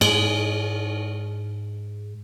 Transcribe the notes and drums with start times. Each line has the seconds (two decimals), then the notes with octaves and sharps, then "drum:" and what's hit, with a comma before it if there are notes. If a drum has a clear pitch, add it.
0.01 G#2 G#3, drum: cymbal